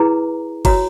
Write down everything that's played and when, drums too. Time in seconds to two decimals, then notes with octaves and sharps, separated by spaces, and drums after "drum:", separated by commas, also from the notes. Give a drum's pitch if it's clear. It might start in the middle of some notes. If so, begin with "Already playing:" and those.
Already playing: E4 G#4 B4 A#5
0.65 F#4 C#5 A#5, drum: kick G1, cymbal